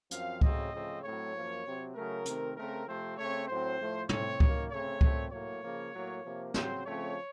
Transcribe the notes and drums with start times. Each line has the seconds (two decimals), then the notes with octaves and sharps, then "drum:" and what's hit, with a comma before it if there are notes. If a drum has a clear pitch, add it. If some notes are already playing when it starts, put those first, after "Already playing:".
0.11 F#2 F3 C4 F5, drum: hi-hat
0.41 C#3 F#3 A3 C4 D#5, drum: kick C#2
0.72 C#3 F3 A3 C4
1.03 A2 F#3 A3 C4 C#5
1.34 F#2 F3 A#3
1.64 C3 F#3 C4
1.95 C#3 F#3 A3 A#4
2.26 C3 D#3 A3 C4, drum: hi-hat
2.56 C#3 A3 C4 A#4
2.87 C3 F3 A3 C4 C5
3.17 C#3 A3 C4 C#5
3.48 A2 F#3 C4 C5
3.79 A2 F3 A3
4.09 A2 A3 C4 C#5, drum: tom
4.40 F#2 D#3 A#3, drum: kick C#2
4.70 C#3 A3 C4 C#5
5.01 A#2 A3 C4, drum: kick C#2
5.32 A2 F#3 A#3 C#5
5.63 C#3 F3 A#3
5.93 A2 F#3 A#3
6.24 C3 F3 A#3
6.54 C#3 F#3 C4 C5, drum: snare
6.85 C#3 F3 A3 C4 C#5